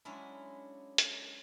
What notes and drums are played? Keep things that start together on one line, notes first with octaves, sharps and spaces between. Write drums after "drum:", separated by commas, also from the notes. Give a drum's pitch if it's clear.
F#3 G#3 C#4 D4 E4
drum: hi-hat